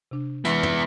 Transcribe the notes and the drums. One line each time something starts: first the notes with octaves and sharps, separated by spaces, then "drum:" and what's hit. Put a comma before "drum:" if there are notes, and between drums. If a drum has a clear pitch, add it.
C3 D4
E3 G#3 B3 E4, drum: hi-hat
drum: tom